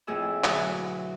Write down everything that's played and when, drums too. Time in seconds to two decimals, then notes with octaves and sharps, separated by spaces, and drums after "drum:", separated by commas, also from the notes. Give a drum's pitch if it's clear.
0.07 F2 A2 G#4 E5 E6
0.44 D2 B2 F#3 D#6 F#6, drum: clap